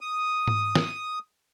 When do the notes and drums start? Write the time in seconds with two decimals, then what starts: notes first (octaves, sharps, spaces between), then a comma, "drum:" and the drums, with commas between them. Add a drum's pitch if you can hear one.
0.01 D#6
0.47 drum: tom G#2
0.75 drum: snare